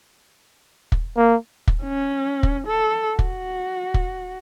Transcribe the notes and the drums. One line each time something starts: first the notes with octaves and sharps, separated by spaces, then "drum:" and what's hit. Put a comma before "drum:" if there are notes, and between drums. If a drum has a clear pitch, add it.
drum: kick
A#3
drum: kick
C#4
drum: kick
A4
F#4, drum: kick
drum: kick